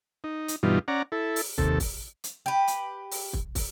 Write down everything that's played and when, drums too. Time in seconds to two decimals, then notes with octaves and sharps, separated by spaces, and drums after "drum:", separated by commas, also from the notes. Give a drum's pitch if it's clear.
0.24 D#4
0.48 drum: hi-hat
0.63 G2 B2 E3 G3 D#4 F4
0.88 C#4 D5 F#5 A#5
1.12 E4 A4
1.36 drum: open hi-hat
1.58 D#2 C3 A4, drum: kick
1.80 drum: kick, open hi-hat
2.24 drum: hi-hat
2.46 G4 B4
2.68 drum: hi-hat
3.11 drum: open hi-hat
3.33 drum: kick
3.55 drum: kick, open hi-hat